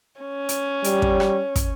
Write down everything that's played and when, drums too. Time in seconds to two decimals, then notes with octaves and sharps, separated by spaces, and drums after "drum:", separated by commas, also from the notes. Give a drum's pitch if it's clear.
0.21 C#4
0.49 drum: hi-hat
0.84 G3, drum: hi-hat
1.02 drum: kick
1.20 drum: rim click
1.56 drum: kick, hi-hat